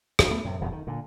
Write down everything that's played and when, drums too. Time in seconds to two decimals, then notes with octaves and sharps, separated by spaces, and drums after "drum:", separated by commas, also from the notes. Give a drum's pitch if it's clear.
0.19 D#2, drum: rim click
0.31 A3 B3
0.44 F#2 A2 C3
0.61 D#1 F2 B2
0.72 D#3
0.87 A#2 D3